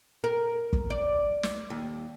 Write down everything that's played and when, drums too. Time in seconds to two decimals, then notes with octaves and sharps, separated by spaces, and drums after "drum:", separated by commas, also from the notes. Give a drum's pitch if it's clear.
0.24 A#4
0.73 drum: kick
0.90 D5
1.43 drum: snare
1.70 D#2